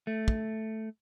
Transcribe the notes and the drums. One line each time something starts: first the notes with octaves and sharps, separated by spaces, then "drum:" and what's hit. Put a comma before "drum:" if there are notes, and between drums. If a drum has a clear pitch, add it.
A3
drum: kick